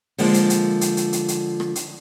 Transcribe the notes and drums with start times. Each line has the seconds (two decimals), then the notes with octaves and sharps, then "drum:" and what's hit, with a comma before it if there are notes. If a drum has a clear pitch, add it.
0.18 D3 F3 G#3 A#3, drum: open hi-hat
0.34 drum: hi-hat
0.50 drum: hi-hat
0.81 drum: hi-hat
0.97 drum: hi-hat
1.13 drum: hi-hat
1.28 drum: hi-hat
1.60 drum: rim click
1.75 drum: hi-hat